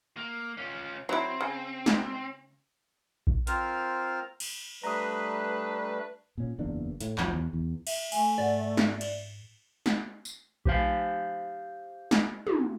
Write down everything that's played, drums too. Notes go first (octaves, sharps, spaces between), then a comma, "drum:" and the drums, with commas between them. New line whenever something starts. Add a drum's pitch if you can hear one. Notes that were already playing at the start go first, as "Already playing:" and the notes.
A#3
C#4 F4
F#3 C4 E4
C#3
drum: snare
drum: kick A#1
C4 F4 A#4 C5 F6, drum: hi-hat
drum: cymbal
G3 A3 D4 B4 A#5 D#6
A#2 C#4
F#1 E2 A#3 D4
A2, drum: hi-hat
F1 C2 F3 F#3, drum: clap
E2
E2
E5, drum: cymbal
A3 G#5, drum: cymbal
G#2 D5 F#5
drum: snare
drum: cymbal
drum: snare
drum: tambourine
G4 C5 F5, drum: kick A#1
drum: snare
drum: tom